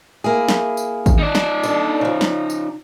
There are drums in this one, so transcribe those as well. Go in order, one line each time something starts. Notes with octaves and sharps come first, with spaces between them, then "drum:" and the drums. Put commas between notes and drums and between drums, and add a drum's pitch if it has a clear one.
A#3 E4 G#4
drum: snare
drum: tambourine
drum: kick, tambourine
D#4 D5
drum: snare
D4 A4, drum: tambourine
C#3 F3
drum: snare
drum: tambourine